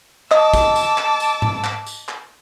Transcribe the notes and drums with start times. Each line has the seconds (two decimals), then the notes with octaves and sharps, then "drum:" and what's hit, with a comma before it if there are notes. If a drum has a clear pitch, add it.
0.31 D#5 A5 D6 E6, drum: clap
0.54 drum: kick, tambourine
0.76 drum: tambourine
0.98 drum: clap
1.20 drum: tambourine
1.42 drum: tom G#2
1.64 drum: clap
1.86 drum: tambourine
2.09 drum: clap